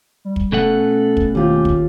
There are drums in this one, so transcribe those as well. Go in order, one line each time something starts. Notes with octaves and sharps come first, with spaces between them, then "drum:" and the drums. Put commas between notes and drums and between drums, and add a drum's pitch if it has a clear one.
G3
drum: kick
B2 A3 C#4 A4 F#5
drum: kick
D#2 F4 G4
drum: kick